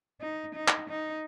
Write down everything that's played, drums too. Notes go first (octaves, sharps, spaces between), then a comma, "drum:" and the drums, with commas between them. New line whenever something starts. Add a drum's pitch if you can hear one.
D#4
D#4
drum: clap
D#4